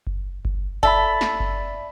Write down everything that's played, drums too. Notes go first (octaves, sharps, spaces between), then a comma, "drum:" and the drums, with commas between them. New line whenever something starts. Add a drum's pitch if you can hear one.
drum: kick F#1
drum: kick F#1
A4 D5 E5 B5, drum: kick F#1
drum: snare
drum: kick F#1